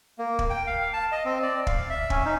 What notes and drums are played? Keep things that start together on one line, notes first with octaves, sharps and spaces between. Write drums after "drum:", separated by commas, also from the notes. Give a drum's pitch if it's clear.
A#3
drum: kick
G5
F5
A5
D#5
C4
D5
F5, drum: kick
E5
C#4, drum: kick
D#4